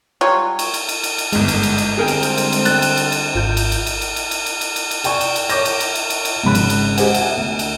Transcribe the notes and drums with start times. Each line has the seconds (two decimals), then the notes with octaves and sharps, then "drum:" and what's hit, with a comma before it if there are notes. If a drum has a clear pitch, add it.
0.21 F#3 G3 F4 C#5
0.59 drum: cymbal
0.74 drum: cymbal
0.89 drum: cymbal
1.03 drum: cymbal
1.18 drum: cymbal
1.33 G1 G#2 G#3, drum: cymbal
1.48 drum: cymbal
1.63 drum: cymbal
1.78 drum: cymbal
1.97 D3 G3 C4 G#4 A#4 G5
2.08 drum: cymbal
2.23 drum: cymbal
2.38 drum: cymbal
2.52 drum: cymbal
2.65 F#6 A6, drum: cymbal
2.82 drum: cymbal
2.97 drum: cymbal
3.12 drum: cymbal
3.35 G#1 F4 G6
3.57 drum: cymbal
3.72 drum: cymbal
3.87 drum: cymbal
4.01 drum: cymbal
4.16 drum: cymbal
4.31 drum: cymbal
4.46 drum: cymbal
4.61 drum: cymbal
4.76 drum: cymbal
4.91 drum: cymbal
5.04 D5 G5 G#5 C#6, drum: cymbal
5.21 drum: cymbal
5.36 drum: cymbal
5.49 C#5 C#6 D6 G6 A#6, drum: cymbal
5.65 drum: cymbal
5.80 drum: cymbal
5.95 drum: cymbal
6.10 drum: cymbal
6.25 drum: cymbal
6.43 G#1 C#3 G#3 B5 F#6
6.55 drum: cymbal
6.70 drum: cymbal
6.98 G4 G#4 C5 D#5 F#5 G#5, drum: cymbal
7.14 E5 G#5, drum: cymbal
7.37 D2
7.59 drum: cymbal